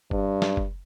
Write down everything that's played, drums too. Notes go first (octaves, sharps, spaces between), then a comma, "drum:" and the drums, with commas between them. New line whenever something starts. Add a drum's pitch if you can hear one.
G2, drum: kick F#1
drum: snare
drum: kick F#1